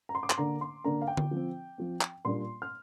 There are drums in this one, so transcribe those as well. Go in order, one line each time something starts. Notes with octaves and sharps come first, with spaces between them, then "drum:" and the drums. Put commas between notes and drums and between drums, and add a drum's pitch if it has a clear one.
A#5
C6
D6
C6, drum: clap
D3 A#3 D4 A#5
C6
D3 A#3 D4 A#5
F5
G5
drum: tom D3
F3 C4
F3 C4
drum: clap
A#2 G3 A#3 D4 C6
F6